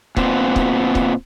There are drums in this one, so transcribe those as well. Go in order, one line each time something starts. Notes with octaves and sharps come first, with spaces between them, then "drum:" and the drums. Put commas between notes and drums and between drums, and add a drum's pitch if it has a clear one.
A#2 B3 C4, drum: kick
drum: kick
drum: kick